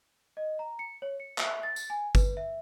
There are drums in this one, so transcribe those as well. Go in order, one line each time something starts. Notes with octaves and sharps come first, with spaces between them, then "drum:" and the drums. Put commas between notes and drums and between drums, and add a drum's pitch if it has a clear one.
D#5
A#5
C#7
C#5
C#7
E5, drum: clap
A6
drum: tambourine
G#5
B4, drum: kick G1, tambourine
E5